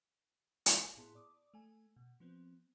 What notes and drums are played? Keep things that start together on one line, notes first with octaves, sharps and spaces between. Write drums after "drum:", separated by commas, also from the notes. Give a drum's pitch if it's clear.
F5, drum: hi-hat
A2 B3 E4 G#4 A5 C6
D5 D6 D#6
A3 G#5
B2
F3 B3 C4